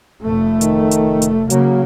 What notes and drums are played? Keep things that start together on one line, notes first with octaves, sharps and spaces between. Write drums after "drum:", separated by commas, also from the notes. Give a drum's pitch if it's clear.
F1 A3
D#3, drum: hi-hat
drum: hi-hat
drum: hi-hat
C#3 F#3 A#3, drum: hi-hat